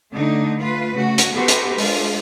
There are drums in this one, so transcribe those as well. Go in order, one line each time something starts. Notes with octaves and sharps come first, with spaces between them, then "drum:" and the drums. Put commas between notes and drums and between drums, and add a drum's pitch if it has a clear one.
D3 A3 D4 D#4
A3 F4 B4
C#3 A3 F#4
drum: hi-hat
B3 F#4 G4 A4 B4 C5
drum: hi-hat
G#3 D4 F4, drum: open hi-hat